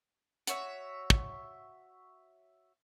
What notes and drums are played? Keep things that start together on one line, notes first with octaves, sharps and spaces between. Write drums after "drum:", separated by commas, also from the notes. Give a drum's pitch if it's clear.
F#4 C#5 E5, drum: hi-hat
drum: kick